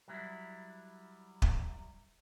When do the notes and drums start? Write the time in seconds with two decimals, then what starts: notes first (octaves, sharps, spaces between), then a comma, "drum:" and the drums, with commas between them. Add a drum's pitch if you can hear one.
0.08 F#3 G3 E4
1.42 drum: kick